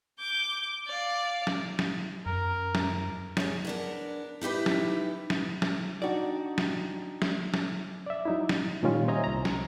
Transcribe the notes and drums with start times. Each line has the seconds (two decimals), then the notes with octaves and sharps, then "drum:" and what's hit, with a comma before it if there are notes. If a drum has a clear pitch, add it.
0.19 D6 G6
0.87 D5 F5
1.47 drum: snare
1.79 drum: snare
2.26 F#2 A#4
2.75 drum: snare
3.37 G#4 C#5, drum: snare
3.65 B3 D4 A#4
4.41 D#4 E4 G4 B4
4.66 drum: snare
5.30 drum: snare
5.62 drum: snare
6.02 D4 D#4 F#4 D5 G5
6.58 drum: snare
7.22 drum: snare
7.54 drum: snare
8.06 D5 E5
8.25 F#3 D#4 E4
8.49 drum: snare
8.83 A#2 D#3 G3 C#4 F4
9.08 C5 C#5 D#5 E5 G#5 A#5
9.24 C2 A#5
9.45 drum: snare